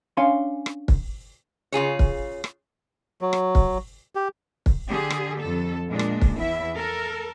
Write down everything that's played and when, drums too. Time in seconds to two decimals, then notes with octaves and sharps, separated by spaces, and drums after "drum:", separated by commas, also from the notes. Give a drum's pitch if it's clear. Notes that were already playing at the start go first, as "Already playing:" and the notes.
0.17 C#4 D4 C#5 F5 G#5 C6
0.66 drum: rim click
0.88 drum: kick
1.72 C#3 F4 G#4 C#5
1.99 drum: kick
2.44 drum: rim click
3.21 F#3
3.33 drum: rim click
3.55 drum: kick
4.15 G4
4.66 drum: kick
4.88 D3 G4 G#4
5.10 drum: rim click
5.40 F2 A4
5.89 A#2 G#3 D4
5.99 drum: rim click
6.22 drum: kick
6.37 E2 E4 E5
6.75 A4 A#4